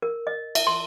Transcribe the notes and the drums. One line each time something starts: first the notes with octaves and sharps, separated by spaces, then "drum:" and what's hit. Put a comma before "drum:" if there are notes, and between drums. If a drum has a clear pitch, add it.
A#4
D#5
E5, drum: cymbal
C6